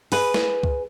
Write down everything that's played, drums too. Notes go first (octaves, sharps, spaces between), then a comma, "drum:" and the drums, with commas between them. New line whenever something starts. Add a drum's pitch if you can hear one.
G#4 B4, drum: open hi-hat
drum: snare
drum: kick C#2